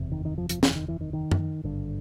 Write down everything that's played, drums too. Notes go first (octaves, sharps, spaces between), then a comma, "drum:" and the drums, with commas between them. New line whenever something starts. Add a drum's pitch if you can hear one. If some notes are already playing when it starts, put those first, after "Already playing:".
Already playing: F#1 E2 C3
D#3
D#3
F3
F3, drum: hi-hat
E3, drum: snare
D#3
E3
D#3
D#3
drum: tom F#2
G#1 G2 D3